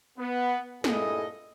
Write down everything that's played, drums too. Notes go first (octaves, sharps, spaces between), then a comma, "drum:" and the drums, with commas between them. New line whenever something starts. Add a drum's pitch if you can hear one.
B3
G2 A#2 E4 G#4 A4 D#5, drum: snare